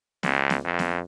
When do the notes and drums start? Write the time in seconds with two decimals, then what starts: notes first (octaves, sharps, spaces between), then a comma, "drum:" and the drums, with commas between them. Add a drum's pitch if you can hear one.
0.23 C#2, drum: snare B3
0.50 drum: snare B3
0.64 F2
0.79 drum: snare B3